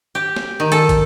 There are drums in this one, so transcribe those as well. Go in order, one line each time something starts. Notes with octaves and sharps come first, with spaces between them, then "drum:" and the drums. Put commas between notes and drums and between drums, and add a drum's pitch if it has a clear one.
G4
drum: snare
D#3
A4, drum: hi-hat
drum: kick, hi-hat